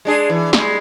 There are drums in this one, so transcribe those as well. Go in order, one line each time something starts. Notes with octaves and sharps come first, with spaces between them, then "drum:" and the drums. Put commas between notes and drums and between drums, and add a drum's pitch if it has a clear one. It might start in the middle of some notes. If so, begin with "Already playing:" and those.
G#3 D4 G#4
E3
G3 G#3, drum: snare